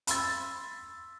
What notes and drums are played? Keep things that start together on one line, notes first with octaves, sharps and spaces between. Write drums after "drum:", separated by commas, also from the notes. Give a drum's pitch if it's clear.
B5 C6 E6 A6, drum: hi-hat